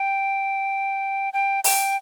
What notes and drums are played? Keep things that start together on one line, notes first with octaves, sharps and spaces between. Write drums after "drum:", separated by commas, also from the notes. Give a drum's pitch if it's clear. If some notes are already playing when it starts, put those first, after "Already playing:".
Already playing: G5
G5
G5, drum: open hi-hat